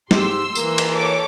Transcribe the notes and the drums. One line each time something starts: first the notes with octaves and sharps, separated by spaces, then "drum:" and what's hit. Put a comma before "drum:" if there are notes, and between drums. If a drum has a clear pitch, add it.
G#2 G4 C6 E6, drum: snare
E3 A#3, drum: tambourine
drum: cymbal
A4 C#5 D6